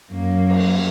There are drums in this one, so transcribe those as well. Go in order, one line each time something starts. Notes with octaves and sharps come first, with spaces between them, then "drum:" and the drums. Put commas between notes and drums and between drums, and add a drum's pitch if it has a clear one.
F#2 A#3
drum: cymbal